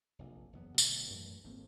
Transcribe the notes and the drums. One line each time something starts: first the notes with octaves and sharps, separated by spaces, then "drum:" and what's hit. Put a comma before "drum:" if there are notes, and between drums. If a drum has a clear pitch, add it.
F1 A#1
F#1 E2 B3
D1 B2, drum: tambourine
F#2 A2 E3
G#1 A2 A#3 C4